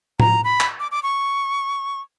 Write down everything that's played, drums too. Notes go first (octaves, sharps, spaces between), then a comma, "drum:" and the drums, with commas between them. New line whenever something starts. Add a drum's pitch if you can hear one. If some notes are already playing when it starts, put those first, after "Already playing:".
A#5, drum: tom A2
B5
drum: clap
D6
D6
C#6